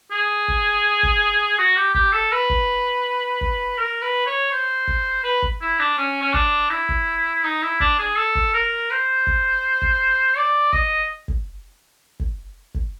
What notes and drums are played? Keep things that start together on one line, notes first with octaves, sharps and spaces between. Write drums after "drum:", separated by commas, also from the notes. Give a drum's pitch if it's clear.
G#4
drum: kick
drum: kick
F#4
G4
G4, drum: kick
A4
B4
drum: kick
drum: kick
A#4
B4
C#5
C5
drum: kick
B4
drum: kick
E4
D4
C#4
C#4
D4, drum: kick
E4
drum: kick
D#4
E4
D4, drum: kick
G#4
A4
drum: kick
A#4
C5
drum: kick
drum: kick
D5
D#5, drum: kick
drum: kick
drum: kick
drum: kick